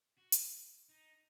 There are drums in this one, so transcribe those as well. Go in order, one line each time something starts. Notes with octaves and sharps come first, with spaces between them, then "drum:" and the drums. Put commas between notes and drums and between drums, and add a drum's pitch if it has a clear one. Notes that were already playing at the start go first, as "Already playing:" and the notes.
F#4
drum: hi-hat
D#4